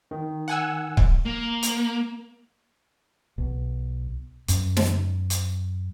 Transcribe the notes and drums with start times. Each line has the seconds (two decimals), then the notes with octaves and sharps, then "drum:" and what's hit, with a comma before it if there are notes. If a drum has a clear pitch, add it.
0.11 D#3
0.48 F#5 G#5 E6
0.97 drum: kick C#1
1.26 A#3
1.63 drum: hi-hat
3.38 B1
4.48 F#2, drum: hi-hat
4.77 drum: snare
5.30 drum: hi-hat